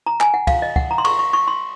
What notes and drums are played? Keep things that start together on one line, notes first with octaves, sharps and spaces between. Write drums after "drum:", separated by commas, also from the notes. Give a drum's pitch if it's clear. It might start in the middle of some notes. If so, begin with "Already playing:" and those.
A#5
G#5, drum: clap
F#5
F5, drum: kick, cymbal
D#5
F#5, drum: kick
A#5
C6
C#6, drum: cymbal
C#6
C#6
C6